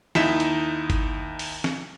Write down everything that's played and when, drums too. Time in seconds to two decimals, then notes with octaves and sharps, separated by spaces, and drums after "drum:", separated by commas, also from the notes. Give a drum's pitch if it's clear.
0.15 D#2 D#4 E4 B6 E7, drum: snare
0.40 drum: hi-hat
0.90 drum: kick G1, hi-hat
1.39 drum: open hi-hat
1.64 drum: snare